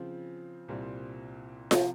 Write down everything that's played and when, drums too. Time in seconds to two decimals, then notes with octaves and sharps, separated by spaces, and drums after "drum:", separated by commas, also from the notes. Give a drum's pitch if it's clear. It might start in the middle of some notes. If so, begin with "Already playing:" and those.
Already playing: C#3 F3 C4 F4
0.68 C2 A#2 G3 C4
1.71 C3 F3, drum: snare F4